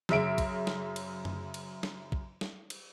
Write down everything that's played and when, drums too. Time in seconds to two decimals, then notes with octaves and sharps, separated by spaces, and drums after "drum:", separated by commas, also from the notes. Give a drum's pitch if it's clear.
0.09 F#2 C#3 E5 D7, drum: snare
0.38 drum: kick, cymbal
0.67 drum: snare
0.96 drum: cymbal
1.25 drum: tom F#2
1.54 drum: cymbal
1.83 drum: snare
2.12 drum: kick
2.41 drum: snare
2.70 drum: cymbal